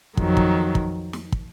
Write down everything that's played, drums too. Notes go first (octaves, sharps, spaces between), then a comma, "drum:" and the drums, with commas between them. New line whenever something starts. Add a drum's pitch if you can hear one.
F2 D#3 F#3, drum: kick
drum: kick
drum: kick
drum: snare
drum: kick